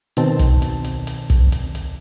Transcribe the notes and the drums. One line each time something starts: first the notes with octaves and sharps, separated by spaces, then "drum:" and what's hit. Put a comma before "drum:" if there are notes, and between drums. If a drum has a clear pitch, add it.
B2 D#3 C4 A5, drum: hi-hat
drum: kick, hi-hat
drum: hi-hat
drum: hi-hat
drum: hi-hat
drum: kick, hi-hat
drum: hi-hat
drum: hi-hat